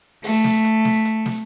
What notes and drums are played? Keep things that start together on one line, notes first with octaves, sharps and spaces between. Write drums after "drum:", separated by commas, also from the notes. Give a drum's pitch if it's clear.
A3, drum: open hi-hat
drum: snare
drum: hi-hat
drum: snare
drum: hi-hat
drum: snare